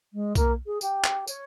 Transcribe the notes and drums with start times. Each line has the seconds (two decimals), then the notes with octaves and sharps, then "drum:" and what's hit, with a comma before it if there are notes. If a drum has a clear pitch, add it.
0.13 G#3
0.35 A#3, drum: kick B1, tambourine
0.66 G#4
0.81 G4, drum: tambourine
1.05 drum: clap
1.27 C#5, drum: tambourine